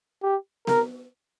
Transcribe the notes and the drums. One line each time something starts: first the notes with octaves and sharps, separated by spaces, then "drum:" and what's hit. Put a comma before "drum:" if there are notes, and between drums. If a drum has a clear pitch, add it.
G4
A#4, drum: snare B3